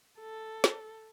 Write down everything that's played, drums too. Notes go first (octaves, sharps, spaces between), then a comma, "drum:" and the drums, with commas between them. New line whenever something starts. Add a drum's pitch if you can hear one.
A4
drum: snare